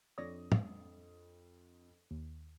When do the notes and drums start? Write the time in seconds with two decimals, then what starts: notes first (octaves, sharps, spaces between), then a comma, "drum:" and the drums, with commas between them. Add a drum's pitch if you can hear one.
0.18 F2 D4 C#5 D5 D#6 A#6
0.52 drum: tom
2.11 D#2